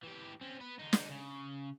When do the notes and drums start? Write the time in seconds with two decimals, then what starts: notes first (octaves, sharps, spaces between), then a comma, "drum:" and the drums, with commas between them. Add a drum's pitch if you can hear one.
0.03 E3 G4
0.41 C4 C#4
0.61 B3 B4
0.79 D3 D#4
0.93 drum: snare
1.11 C#3